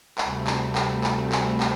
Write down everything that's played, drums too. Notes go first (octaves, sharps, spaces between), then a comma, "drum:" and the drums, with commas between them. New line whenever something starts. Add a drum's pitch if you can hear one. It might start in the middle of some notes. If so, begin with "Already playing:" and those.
D2 C3 G3 A3 C4, drum: clap
drum: clap
drum: clap
drum: clap
drum: clap
drum: clap